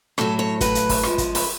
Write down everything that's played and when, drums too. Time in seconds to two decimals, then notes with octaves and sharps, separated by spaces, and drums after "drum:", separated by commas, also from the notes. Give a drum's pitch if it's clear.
0.18 A2 F#3 A4, drum: rim click
0.39 C#5
0.61 A2 F#3 B4, drum: kick, hi-hat
0.75 drum: hi-hat
0.89 drum: kick, open hi-hat
1.03 F#2 F3 G#3, drum: rim click
1.18 drum: kick, hi-hat
1.35 B4, drum: open hi-hat